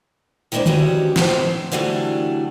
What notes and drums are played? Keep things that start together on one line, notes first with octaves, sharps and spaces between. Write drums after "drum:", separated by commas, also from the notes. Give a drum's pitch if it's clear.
D#3 G#3 A#3 D4 E4 C5
E3 G#3 C#4 F#4 G4, drum: tom D3
A2 E3 C5, drum: snare
D3 E3 F#3 G3 A3 D4